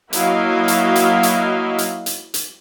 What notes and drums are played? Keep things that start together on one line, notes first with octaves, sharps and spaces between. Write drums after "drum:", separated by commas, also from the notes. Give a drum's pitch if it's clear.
F#3 A#3 E4 F#4 D#5 F5, drum: hi-hat
drum: hi-hat
drum: hi-hat
drum: hi-hat
drum: hi-hat
drum: hi-hat
drum: hi-hat